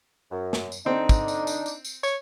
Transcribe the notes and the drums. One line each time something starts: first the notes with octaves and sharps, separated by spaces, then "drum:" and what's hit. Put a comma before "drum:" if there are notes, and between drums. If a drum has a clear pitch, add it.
F#2
drum: snare
drum: tambourine
D3 C4 D4 D#4
drum: kick, tambourine
drum: tambourine
drum: tambourine
drum: tambourine
drum: tambourine
C#5, drum: tambourine